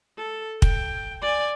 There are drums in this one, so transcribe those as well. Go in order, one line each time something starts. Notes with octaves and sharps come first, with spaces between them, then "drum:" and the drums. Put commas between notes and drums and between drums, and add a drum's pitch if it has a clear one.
A4
G5, drum: kick
D5 G#5